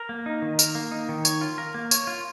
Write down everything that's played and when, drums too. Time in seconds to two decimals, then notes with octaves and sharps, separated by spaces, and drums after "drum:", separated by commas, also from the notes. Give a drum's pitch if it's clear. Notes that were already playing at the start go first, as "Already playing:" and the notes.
Already playing: A#4
0.09 A#3
0.26 D#4
0.42 D#3
0.59 A#4, drum: tambourine
0.75 A#3
0.91 D#4
1.09 D#3
1.25 C#5, drum: tambourine
1.41 F4
1.58 A#4
1.74 A#3
1.91 C#5, drum: tambourine
2.07 F4